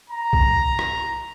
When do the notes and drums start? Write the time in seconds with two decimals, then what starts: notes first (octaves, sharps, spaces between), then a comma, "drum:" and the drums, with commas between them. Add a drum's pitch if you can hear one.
0.10 A#5
0.33 drum: kick
0.79 drum: rim click